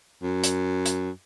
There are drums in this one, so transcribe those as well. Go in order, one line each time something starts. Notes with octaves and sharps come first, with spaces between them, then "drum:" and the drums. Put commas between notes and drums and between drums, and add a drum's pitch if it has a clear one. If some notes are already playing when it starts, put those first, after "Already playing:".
F#2
drum: hi-hat
drum: hi-hat